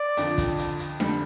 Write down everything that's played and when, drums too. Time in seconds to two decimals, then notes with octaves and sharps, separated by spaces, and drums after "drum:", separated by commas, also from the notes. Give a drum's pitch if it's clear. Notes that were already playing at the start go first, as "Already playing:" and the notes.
Already playing: D5
0.17 F2 D3 F3, drum: hi-hat
0.38 drum: kick, hi-hat
0.59 drum: hi-hat
0.79 drum: hi-hat
1.00 F2 D3 G3, drum: snare D4